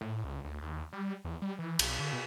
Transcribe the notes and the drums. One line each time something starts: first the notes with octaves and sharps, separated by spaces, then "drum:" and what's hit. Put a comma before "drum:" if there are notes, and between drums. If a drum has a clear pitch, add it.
A2
C#2
D2
D#2
G3
E2
G3
E3
B1, drum: cymbal
D3
B2